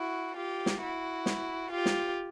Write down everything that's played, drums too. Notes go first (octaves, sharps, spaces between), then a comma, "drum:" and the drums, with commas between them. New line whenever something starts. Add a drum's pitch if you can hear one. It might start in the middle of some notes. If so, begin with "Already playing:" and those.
Already playing: E4 F#4
F4 G4
drum: snare
E4 F#4
drum: snare
F4 G4
drum: snare